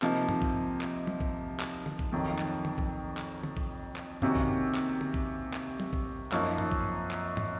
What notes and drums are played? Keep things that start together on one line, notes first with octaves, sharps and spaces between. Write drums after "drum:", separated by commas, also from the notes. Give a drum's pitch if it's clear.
C3 F3 A#3 D#4, drum: clap
drum: tom G2
drum: kick A#1
drum: clap
drum: tom
drum: kick A#1
drum: clap
drum: tom D3
drum: kick A#1
F2 D#3 F#3
drum: clap
drum: tom D3
drum: kick A#1
drum: clap
drum: tom D3
drum: kick A#1
drum: clap
C3 D#3 A#3 C#4 F#4, drum: tom G2
drum: kick A#1
drum: clap
drum: tom D3
drum: kick A#1
drum: clap
drum: tom
drum: kick A#1
F#2 F3 A#3 D#4, drum: clap
drum: tom G2
drum: kick A#1
drum: clap
drum: tom